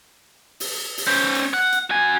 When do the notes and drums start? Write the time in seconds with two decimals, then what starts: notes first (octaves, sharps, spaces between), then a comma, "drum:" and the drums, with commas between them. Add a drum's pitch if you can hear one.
0.60 drum: open hi-hat
0.98 drum: open hi-hat
1.07 C#4 C5
1.35 drum: hi-hat
1.54 F#5
1.72 drum: hi-hat
1.90 F#4 G#5